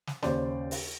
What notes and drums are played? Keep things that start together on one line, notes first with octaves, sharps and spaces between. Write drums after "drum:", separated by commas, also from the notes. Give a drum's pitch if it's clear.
drum: snare
D#2 C#3 C5 D5, drum: snare
drum: open hi-hat